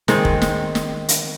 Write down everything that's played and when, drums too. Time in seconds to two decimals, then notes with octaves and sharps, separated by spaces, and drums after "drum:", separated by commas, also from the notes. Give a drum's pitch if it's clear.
0.08 D#3 G#3 C4, drum: snare
0.25 drum: kick
0.42 drum: snare
0.75 drum: snare
1.09 drum: hi-hat